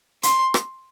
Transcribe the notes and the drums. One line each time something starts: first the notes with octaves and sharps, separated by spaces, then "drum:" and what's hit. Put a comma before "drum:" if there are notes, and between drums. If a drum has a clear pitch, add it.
C6, drum: hi-hat
drum: rim click